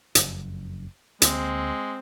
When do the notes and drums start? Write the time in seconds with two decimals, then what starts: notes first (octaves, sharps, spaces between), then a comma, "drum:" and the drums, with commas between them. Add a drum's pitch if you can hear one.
0.15 F#1 F2, drum: hi-hat
1.22 D2 G#3 A#3 C4, drum: hi-hat